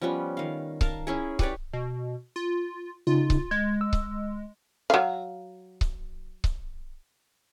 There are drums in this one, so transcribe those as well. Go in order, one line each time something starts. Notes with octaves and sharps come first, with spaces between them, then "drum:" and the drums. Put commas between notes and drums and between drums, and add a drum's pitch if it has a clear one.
F3 G3 B3 C#4
D#3 F5
A#4 F5 A5, drum: kick C#1
C#4 E4 G#4
G4 B4 C#5 D5, drum: kick C#1
B2
F4
C#3 D#4 F4
drum: kick C#1
G#3 G#6
E6
drum: kick C#1
F#3 F5
drum: kick C#1
drum: kick C#1